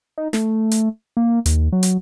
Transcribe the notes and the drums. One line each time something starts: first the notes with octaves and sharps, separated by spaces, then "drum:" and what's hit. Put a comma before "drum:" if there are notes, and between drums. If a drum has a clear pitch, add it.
D#4
A3, drum: snare
drum: hi-hat
A#3
D#2, drum: hi-hat
F#3
drum: hi-hat